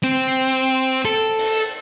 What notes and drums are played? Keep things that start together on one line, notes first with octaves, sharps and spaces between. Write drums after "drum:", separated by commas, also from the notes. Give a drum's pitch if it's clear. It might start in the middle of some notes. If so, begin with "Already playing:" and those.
C4
A4
drum: open hi-hat